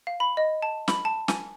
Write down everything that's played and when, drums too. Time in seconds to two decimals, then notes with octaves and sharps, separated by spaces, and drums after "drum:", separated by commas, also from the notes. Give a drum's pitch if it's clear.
0.07 F5
0.20 B5
0.37 D#5
0.62 A5
0.88 B5, drum: snare
1.05 A5
1.28 G#5, drum: snare